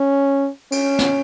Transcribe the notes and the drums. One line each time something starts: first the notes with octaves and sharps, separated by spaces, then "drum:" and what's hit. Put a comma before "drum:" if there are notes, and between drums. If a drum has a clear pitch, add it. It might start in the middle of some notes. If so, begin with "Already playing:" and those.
Already playing: C#4
C#4, drum: cymbal
drum: snare